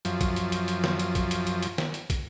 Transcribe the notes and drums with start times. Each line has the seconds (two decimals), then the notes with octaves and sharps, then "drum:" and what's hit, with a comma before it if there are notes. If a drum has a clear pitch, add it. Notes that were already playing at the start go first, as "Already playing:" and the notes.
0.05 F#2 F3, drum: hi-hat
0.21 drum: kick, hi-hat
0.36 drum: hi-hat
0.52 drum: hi-hat
0.68 drum: hi-hat
0.84 drum: snare
0.99 drum: hi-hat
1.15 drum: kick, hi-hat
1.31 drum: hi-hat
1.47 drum: hi-hat
1.62 drum: hi-hat
1.78 drum: snare
1.94 drum: hi-hat
2.10 drum: kick, hi-hat